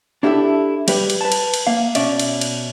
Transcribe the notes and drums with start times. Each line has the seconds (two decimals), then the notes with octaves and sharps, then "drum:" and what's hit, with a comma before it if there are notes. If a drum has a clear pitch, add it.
0.23 D4 E4 G4 A4 E5
0.88 G3 G4 B4, drum: cymbal
1.10 drum: cymbal
1.21 B4 A5
1.32 drum: cymbal
1.54 drum: cymbal
1.67 A#3 F5
1.95 B2 C#4 D5 E5, drum: cymbal
2.19 drum: cymbal
2.41 drum: cymbal